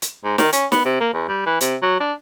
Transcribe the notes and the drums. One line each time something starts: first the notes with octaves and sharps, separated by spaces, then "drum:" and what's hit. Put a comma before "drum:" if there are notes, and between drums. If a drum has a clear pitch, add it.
drum: hi-hat
G#2
D#3, drum: snare
C#4, drum: hi-hat
B3, drum: snare
C3
A#3
E2
G3
E3
C3, drum: hi-hat
F#3
D4